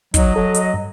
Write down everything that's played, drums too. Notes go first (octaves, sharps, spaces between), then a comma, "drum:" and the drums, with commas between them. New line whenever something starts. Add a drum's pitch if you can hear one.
F#3 D#4 D#5, drum: kick, hi-hat
F#3 A4
drum: hi-hat
G2